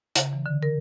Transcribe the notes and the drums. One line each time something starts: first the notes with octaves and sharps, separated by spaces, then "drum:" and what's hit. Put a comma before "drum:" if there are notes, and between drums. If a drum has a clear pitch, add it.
C#3, drum: hi-hat
E3
D3
A#4